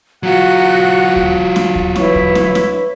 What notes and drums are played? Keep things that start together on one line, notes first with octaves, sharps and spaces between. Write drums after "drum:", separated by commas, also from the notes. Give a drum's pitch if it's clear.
F#3 F4 F#4 F#5 F#6
drum: kick D2
drum: snare
drum: kick D2
E4 B4 C#5 C#6, drum: snare
drum: kick D2
drum: snare
drum: snare